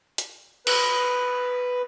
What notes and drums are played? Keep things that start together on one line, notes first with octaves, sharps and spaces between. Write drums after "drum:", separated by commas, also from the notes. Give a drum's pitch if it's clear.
drum: hi-hat
B4, drum: cymbal